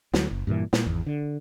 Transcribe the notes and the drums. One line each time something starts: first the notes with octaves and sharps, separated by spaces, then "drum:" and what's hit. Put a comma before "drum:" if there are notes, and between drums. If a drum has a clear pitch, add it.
D2 F#3, drum: snare
F#1
G2 A#2 D#3 E3
A#2, drum: snare
G#1 E2
D3